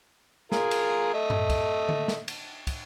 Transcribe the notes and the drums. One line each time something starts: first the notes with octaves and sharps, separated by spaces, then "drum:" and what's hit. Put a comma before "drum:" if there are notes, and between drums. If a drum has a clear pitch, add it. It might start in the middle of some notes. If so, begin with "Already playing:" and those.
F4 G#4 A#4, drum: snare
drum: cymbal
A3 D#5 E5
drum: tom F#2
drum: kick, cymbal
drum: tom D3
drum: snare
drum: cymbal
drum: kick, cymbal